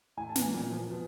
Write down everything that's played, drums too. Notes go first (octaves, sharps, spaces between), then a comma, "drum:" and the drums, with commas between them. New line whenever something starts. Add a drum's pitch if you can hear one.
A2 G#5
A5
E3, drum: snare
G#5
A#2
F3
B2